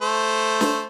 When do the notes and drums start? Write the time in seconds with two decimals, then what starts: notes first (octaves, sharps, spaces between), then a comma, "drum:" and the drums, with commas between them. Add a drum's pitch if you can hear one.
0.02 A3 C5
0.61 drum: snare